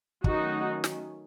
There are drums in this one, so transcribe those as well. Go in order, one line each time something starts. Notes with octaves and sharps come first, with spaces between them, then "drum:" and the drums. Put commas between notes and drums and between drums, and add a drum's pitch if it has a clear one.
D#3 F#3 A3 C#4 D#4 F#4, drum: kick
drum: snare